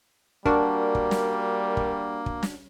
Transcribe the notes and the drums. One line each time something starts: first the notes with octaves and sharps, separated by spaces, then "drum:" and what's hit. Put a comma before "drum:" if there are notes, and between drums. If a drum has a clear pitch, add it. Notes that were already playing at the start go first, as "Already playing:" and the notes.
G3 A#3 D4 F#4 A#4, drum: kick
drum: kick
drum: snare
drum: kick
drum: kick
drum: snare